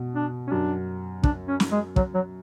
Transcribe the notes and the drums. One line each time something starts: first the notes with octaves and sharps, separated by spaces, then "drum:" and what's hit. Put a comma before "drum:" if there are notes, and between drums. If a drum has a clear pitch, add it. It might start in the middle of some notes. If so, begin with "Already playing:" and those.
Already playing: B2
D4
C#4
F#2 D4
D4, drum: kick
C#4
drum: snare
G#3
F#3, drum: kick
F#3